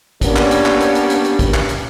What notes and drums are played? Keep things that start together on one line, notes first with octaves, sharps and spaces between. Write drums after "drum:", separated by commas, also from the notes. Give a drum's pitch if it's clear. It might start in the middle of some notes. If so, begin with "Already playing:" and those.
G3 A#3 B3 C#4 D4, drum: kick, hi-hat
drum: clap
drum: hi-hat
drum: clap
drum: hi-hat
drum: hi-hat
drum: hi-hat
drum: hi-hat
drum: kick, hi-hat
drum: clap
drum: hi-hat